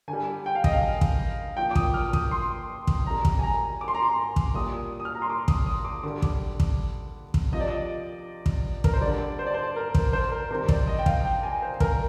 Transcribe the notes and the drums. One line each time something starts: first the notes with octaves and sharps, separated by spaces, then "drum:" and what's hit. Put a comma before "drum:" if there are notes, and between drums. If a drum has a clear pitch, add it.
D3 G#5
G3
G5
F5
D#5, drum: kick
F5
drum: kick
A#2 F3 G5
D6
D#6, drum: kick
F6
D6
D#6, drum: kick
C6
drum: kick
C3 G3 A#5
drum: kick
G#5
A#5
D6
C6
A#5
C6
drum: kick
A#2 G3 D#6
D#6
F6
A#5
C6
D6
D#6, drum: kick
D#6
D6
D3 G3 D6
drum: kick
drum: kick
drum: kick
C3 F3 D#5
D5
D#5
drum: kick
A#4, drum: kick
C5
D3 G3 D5
C5
D5
C5
A#4
drum: kick
C5
A#4
C3 D#3 G3 C5
D5, drum: kick
D#5
G5
F5, drum: kick
G5
G#5
C5
A#4, drum: kick